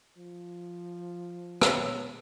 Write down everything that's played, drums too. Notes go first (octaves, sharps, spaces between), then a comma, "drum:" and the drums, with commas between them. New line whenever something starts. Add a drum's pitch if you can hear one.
F3
G#3 B3 C#5, drum: rim click